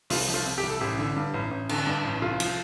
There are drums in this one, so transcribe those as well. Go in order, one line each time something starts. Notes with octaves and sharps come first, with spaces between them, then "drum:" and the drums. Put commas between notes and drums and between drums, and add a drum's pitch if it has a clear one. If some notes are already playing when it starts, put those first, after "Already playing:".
C2 F4, drum: open hi-hat
F3
F4
C3
G4
C2
A4
A1 G4
D3
G2
A1
A1
D3, drum: cymbal
G2
A1
C2 F4
F3, drum: cymbal